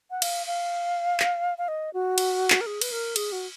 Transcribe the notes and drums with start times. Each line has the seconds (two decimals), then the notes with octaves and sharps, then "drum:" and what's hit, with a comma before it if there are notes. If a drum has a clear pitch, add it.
0.11 F#5
0.22 F5, drum: cymbal
0.47 F5
1.20 drum: clap
1.58 F5
1.68 D#5
1.94 F#4
2.18 drum: cymbal
2.50 drum: clap
2.61 A#4
2.66 G#4
2.81 B4, drum: cymbal
2.92 A#4
3.16 G#4, drum: cymbal
3.32 F#4